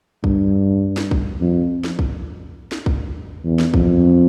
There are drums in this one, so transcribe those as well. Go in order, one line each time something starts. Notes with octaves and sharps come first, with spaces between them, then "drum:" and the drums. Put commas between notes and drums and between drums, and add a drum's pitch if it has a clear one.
G2, drum: kick
drum: snare
drum: kick
F2
drum: snare
drum: kick
drum: snare
drum: kick
E2
drum: snare
F2, drum: kick